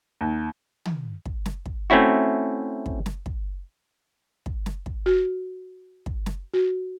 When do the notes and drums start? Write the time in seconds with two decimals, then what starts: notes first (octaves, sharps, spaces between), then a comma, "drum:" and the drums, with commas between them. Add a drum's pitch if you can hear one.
0.21 D#2
0.85 drum: tom
1.26 drum: kick
1.46 drum: snare
1.66 drum: kick
1.90 A3 C4 C#4 E4 F#4
2.86 drum: kick
3.06 drum: snare
3.26 drum: kick
4.46 drum: kick
4.66 drum: snare
4.86 drum: kick
5.06 F#4
6.06 drum: kick
6.26 drum: snare
6.54 F#4